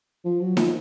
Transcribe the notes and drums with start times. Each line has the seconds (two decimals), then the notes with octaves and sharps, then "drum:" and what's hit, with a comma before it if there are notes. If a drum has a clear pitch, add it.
0.25 F3
0.41 F#3
0.57 F3, drum: snare D#4